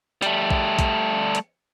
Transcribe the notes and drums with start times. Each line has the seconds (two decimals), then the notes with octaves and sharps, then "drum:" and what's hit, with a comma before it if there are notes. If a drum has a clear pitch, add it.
0.22 G3 A3, drum: hi-hat
0.51 drum: kick A#1
0.79 drum: kick A#1, hi-hat
1.35 drum: hi-hat